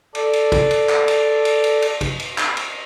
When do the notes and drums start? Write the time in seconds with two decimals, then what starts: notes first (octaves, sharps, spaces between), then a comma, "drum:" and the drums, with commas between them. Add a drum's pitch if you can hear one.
0.15 A4 D5, drum: cymbal
0.33 drum: cymbal
0.52 drum: kick, cymbal
0.71 drum: cymbal
0.89 drum: clap
1.08 drum: cymbal
1.45 drum: cymbal
1.64 drum: cymbal
1.82 drum: cymbal
2.01 drum: kick, cymbal
2.19 drum: cymbal
2.38 drum: clap
2.57 drum: cymbal